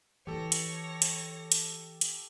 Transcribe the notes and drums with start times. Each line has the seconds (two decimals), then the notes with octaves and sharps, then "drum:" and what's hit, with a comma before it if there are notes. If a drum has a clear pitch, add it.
0.27 E3 D#4 G4 A4 C#5 A#6
0.52 drum: hi-hat
1.02 drum: hi-hat
1.52 drum: hi-hat
2.01 drum: hi-hat